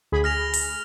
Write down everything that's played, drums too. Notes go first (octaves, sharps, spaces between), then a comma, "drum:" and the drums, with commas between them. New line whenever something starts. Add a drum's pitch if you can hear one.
D2 G#4 B5
F6 A#6 F7
drum: open hi-hat